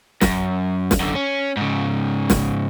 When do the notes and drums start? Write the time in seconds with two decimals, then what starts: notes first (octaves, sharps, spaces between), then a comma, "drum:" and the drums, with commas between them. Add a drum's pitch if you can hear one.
0.21 F#2, drum: snare
0.91 drum: snare
1.00 F#2 D3
1.15 C#4
1.57 G#2 C#3
2.30 drum: snare